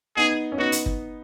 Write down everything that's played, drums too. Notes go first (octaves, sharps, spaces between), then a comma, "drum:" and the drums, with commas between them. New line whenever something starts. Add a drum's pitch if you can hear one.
B3 D#4 G#4
C#4
B3 D#4 F#4
drum: hi-hat
drum: kick